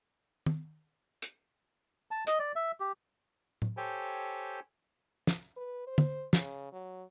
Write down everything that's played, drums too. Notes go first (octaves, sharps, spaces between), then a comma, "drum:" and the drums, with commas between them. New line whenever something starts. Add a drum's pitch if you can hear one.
drum: tom
drum: hi-hat
A5
D#5, drum: hi-hat
D5
E5
G4
drum: tom A2
G4 A4 C5 C#5 G5 G#5
drum: snare
B4
C5
drum: tom
C#3, drum: snare
F#3